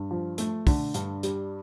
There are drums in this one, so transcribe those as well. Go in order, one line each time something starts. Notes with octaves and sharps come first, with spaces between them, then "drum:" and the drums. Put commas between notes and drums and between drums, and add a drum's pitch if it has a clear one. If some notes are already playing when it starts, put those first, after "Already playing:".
Already playing: G2
F3
A3, drum: hi-hat
D3, drum: kick, open hi-hat
G2, drum: hi-hat
G3, drum: hi-hat